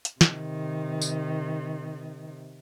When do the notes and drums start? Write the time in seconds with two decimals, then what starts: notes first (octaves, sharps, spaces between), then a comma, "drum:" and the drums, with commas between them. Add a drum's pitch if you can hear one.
0.05 drum: hi-hat
0.21 C3 D#3, drum: snare
1.02 drum: tambourine